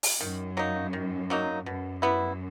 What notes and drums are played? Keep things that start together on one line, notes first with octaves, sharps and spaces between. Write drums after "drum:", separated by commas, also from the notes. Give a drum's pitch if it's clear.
drum: open hi-hat
F#2 D#3
F#3 A#3 D#4
D#3
F#3 A#3 D#4
F#2 B2
G3 B3 E4